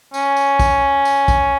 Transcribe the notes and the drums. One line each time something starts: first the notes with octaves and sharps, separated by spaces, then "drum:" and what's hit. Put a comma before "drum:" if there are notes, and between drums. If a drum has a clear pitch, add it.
C#4, drum: tambourine
drum: tambourine
drum: kick, tambourine
drum: tambourine
drum: kick, tambourine